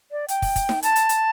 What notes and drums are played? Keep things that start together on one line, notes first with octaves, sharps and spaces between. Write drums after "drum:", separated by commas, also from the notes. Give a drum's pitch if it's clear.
D5
G5, drum: hi-hat
drum: kick, open hi-hat
drum: kick, hi-hat
drum: snare D#4
A5, drum: hi-hat
drum: hi-hat
drum: hi-hat